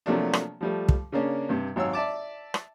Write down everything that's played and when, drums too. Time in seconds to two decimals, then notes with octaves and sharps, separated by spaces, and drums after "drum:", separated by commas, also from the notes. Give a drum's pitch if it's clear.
0.06 C3 F3 F#3 A3 A#3 D4
0.33 drum: rim click
0.61 F3 G3 A3
0.89 drum: kick
1.12 C#3 A#3 C#4 D4
1.49 G2 C3
1.76 G#1 F#3 C#5 F5 E6
1.93 D5 E5 A5 D6
2.54 drum: rim click